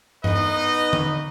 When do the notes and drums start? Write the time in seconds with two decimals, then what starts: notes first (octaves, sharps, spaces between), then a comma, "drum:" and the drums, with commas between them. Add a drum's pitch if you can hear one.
0.24 B3 D#4 B4 D#5, drum: tom G2
0.93 drum: tom D3